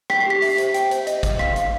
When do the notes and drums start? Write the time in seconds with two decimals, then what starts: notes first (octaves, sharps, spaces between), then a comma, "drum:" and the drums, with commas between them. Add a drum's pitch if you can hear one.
0.10 G5 B6, drum: rim click
0.20 C7
0.26 G4 B6
0.42 E5, drum: open hi-hat
0.58 C5, drum: hi-hat
0.74 G5, drum: hi-hat
0.91 C5, drum: hi-hat
1.07 D#5, drum: hi-hat
1.23 D#5, drum: kick, hi-hat
1.39 F5 B6, drum: rim click
1.56 F5, drum: hi-hat